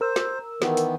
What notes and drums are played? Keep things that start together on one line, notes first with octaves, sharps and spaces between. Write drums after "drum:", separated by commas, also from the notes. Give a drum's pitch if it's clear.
A#4 C5 E6
drum: snare
D#3 E3 B3, drum: snare
drum: hi-hat